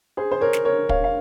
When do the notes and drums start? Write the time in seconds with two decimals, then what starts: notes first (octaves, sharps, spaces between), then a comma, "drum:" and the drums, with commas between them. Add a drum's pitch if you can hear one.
0.17 G#4 C5
0.31 C5
0.41 A#4 C#5
0.53 drum: snare
0.65 A#4 C#5
0.89 C#5 F5, drum: kick
1.04 F5